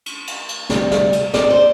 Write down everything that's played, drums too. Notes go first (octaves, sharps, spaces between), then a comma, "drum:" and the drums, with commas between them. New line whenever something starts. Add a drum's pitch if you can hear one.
drum: cymbal
drum: cymbal
drum: cymbal
D2 C3 G3, drum: snare
drum: snare
drum: cymbal
D5, drum: snare
C5